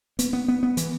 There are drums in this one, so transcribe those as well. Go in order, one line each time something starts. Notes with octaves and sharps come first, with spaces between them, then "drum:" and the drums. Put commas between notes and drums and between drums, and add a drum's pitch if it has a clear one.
B3, drum: hi-hat
B3
B3
B3
E3, drum: hi-hat